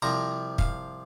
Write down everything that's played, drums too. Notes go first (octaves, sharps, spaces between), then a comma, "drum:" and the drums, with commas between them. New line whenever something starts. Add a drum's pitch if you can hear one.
C2 C3 F3 A#5
F5, drum: kick